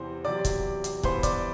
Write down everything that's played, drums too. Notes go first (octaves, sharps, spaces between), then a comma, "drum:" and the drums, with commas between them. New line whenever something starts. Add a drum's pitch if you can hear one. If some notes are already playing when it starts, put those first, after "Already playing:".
Already playing: E2 C3 E3 C5
E2 C3 F#3 D5 D6
drum: kick, hi-hat
drum: hi-hat
G2 E3 B3 C5 C6, drum: kick
D5 D6, drum: kick, hi-hat